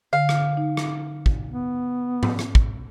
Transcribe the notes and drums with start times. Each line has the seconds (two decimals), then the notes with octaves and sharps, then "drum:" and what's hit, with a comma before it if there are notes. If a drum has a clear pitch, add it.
0.13 D3 F5
0.29 drum: rim click
0.57 D#4
0.77 drum: rim click
1.26 drum: kick
1.51 B3
2.23 drum: tom G#2
2.39 drum: rim click
2.55 drum: kick